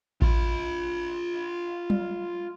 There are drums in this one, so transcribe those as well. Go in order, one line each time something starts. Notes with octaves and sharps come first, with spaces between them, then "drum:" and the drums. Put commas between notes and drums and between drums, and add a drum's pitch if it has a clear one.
F4 B5, drum: kick A1
drum: tom F#3